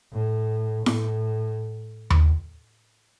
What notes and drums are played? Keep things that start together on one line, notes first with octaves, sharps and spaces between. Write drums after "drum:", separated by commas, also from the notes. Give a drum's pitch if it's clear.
A2
A2, drum: snare E4
drum: tom D#2